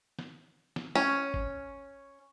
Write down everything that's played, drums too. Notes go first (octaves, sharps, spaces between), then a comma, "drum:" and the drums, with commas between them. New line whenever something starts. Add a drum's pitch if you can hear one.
drum: snare
drum: snare
C#4
drum: kick G1